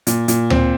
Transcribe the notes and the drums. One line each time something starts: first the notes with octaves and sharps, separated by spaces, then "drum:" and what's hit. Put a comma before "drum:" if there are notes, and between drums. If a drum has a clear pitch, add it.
A#2, drum: hi-hat
A#2, drum: hi-hat
C4, drum: tom D2